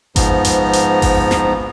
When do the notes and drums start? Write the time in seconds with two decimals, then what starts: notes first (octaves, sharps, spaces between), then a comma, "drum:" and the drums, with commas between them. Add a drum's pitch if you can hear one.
0.16 G#2 F3 B3 A#5, drum: kick G#1, hi-hat
0.45 drum: hi-hat
0.73 drum: hi-hat
1.02 drum: kick G#1, open hi-hat
1.31 drum: snare